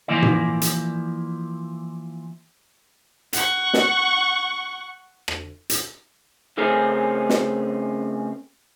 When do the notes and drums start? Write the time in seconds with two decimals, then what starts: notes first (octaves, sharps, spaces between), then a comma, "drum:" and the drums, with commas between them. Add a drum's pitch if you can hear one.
0.08 E3 F3 A#3 E4 D5
0.22 drum: tom G#2
0.61 drum: hi-hat
3.33 F#5 C#6, drum: hi-hat
3.74 drum: snare
5.28 drum: rim click
5.70 drum: hi-hat
6.58 C#3 A3 C4 C#4 G#4 A#4
7.29 drum: snare